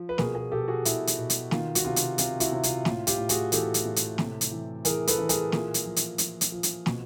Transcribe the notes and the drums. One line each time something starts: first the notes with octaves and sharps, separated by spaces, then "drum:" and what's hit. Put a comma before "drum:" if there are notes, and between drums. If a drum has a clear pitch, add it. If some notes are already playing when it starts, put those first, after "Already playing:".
Already playing: F3
B4
B2 G#4 A#4, drum: snare
G#4 A#4
B2 G4 A4
F#4 G#4
B2 E4, drum: hi-hat
drum: hi-hat
B2
drum: hi-hat
D#3 F4, drum: snare
F#4, drum: hi-hat
C3 F4
drum: hi-hat
C3 F4, drum: hi-hat
E4 F#4, drum: hi-hat
C3
F4, drum: hi-hat
A2 F4, drum: snare
F4 G4, drum: hi-hat
A2
F#4 G#4, drum: hi-hat
E3 G4 A4, drum: hi-hat
drum: hi-hat
A2
drum: hi-hat
C3, drum: snare
drum: hi-hat
E3
E3 G#4 A#4, drum: hi-hat
A4 B4, drum: hi-hat
E3
G#4 A#4, drum: hi-hat
A#2, drum: snare
drum: hi-hat
F3
drum: hi-hat
F3, drum: hi-hat
drum: hi-hat
F3
drum: hi-hat
B2, drum: snare